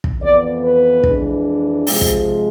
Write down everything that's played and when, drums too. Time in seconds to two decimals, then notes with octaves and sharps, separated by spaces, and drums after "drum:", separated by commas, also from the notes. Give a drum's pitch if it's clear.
0.04 drum: kick
0.21 F2 E3 B3 D5
0.62 B4
1.04 F2 E3 G#3 D4, drum: kick
1.87 C3 F3 G#3 C4, drum: open hi-hat
2.01 drum: kick